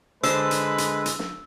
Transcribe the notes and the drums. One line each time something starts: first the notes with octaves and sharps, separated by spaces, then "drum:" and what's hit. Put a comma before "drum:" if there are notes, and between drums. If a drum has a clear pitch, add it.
D3 G#3 B4 C5 E6, drum: hi-hat
drum: hi-hat
drum: hi-hat
drum: hi-hat
drum: snare